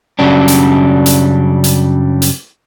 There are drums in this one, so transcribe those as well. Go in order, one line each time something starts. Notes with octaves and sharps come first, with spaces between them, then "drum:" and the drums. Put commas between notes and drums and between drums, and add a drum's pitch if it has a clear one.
F#2 C#3 F#3 G3 D4
drum: hi-hat
drum: hi-hat
drum: hi-hat
drum: hi-hat